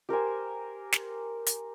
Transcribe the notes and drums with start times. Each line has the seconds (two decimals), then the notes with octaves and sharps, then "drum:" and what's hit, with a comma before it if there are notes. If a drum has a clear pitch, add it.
0.09 G4 A#4 C5 G#5
0.92 drum: snare
1.47 drum: hi-hat